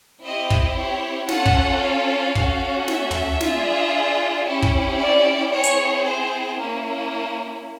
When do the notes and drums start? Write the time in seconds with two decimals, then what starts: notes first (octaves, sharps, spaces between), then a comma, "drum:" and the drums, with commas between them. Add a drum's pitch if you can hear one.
0.23 C4 E4 G4 D#5
0.50 drum: kick
0.77 C#5
1.29 C#4 F4 A4 F#5, drum: snare
1.46 drum: kick
1.82 F5
2.35 C#4 F#4 A4, drum: kick
2.88 E5, drum: snare
3.11 drum: tom
3.41 D4 F4 G#4, drum: snare
4.46 C#4 E4 G4
4.62 drum: kick
4.99 D5
5.52 C4 E4 G#4 C#5
5.63 drum: hi-hat
6.05 C5
6.58 A#3 C#4 E4